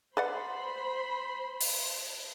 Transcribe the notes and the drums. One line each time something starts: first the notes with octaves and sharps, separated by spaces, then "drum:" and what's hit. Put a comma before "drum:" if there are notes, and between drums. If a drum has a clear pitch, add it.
B4 C5 D5 F#5 B5 C6
drum: open hi-hat